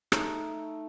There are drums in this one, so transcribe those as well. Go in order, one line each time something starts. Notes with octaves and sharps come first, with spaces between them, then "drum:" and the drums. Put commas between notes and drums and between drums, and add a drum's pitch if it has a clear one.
A3 D#4, drum: rim click